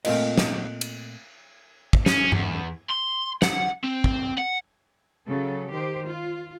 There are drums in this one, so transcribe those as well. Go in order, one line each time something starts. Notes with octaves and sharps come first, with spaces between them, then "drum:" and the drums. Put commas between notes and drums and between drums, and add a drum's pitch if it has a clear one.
A#2 A3 C4 F4 A#4 D#5, drum: cymbal
drum: snare
drum: cymbal
drum: kick
C#4, drum: snare
E2, drum: tom G2
C6
F#5, drum: snare
C4
drum: kick
F#5
C#3 F#3 A4
D#3 G4 C5
F4